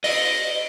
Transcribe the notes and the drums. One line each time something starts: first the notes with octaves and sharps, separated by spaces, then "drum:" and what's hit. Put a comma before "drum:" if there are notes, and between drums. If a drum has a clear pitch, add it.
D#5, drum: open hi-hat